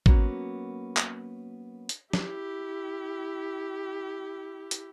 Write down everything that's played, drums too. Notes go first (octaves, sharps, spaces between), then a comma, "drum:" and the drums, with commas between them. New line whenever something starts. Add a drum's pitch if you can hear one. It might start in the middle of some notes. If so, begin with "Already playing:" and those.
F#3 A#3 B3 C#4 F#4, drum: kick
drum: clap
drum: hi-hat
E4 G4, drum: snare
drum: hi-hat